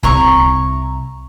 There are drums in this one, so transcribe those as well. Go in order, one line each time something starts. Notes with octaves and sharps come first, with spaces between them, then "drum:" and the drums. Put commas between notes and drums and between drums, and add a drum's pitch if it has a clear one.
C2 C3 E4 A#5 C#6, drum: kick C#2